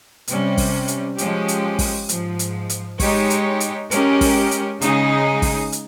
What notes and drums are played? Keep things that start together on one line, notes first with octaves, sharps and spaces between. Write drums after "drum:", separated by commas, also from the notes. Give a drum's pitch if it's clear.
C3 G3 C#4, drum: hi-hat
drum: kick, open hi-hat
drum: hi-hat
F3 G#3 C#4 G4, drum: hi-hat
drum: hi-hat
drum: kick, open hi-hat
G#2 F3 G#3, drum: hi-hat
drum: hi-hat
drum: hi-hat
G#3 D#4 G4 C#5, drum: kick, open hi-hat
drum: hi-hat
drum: hi-hat
G#3 C#4 G4 A#4, drum: hi-hat
drum: kick, open hi-hat
drum: hi-hat
C#3 G#3 D#4 G#4, drum: hi-hat
drum: kick, open hi-hat
drum: hi-hat